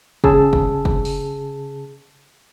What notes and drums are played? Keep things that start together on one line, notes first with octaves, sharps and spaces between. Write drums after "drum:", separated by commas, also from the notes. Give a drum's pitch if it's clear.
C#3 G#4 A5 E6, drum: kick
drum: kick
drum: kick
drum: open hi-hat